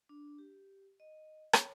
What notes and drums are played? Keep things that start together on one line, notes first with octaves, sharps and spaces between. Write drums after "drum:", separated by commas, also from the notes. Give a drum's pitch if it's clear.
D4
G4
D#5
C#5, drum: rim click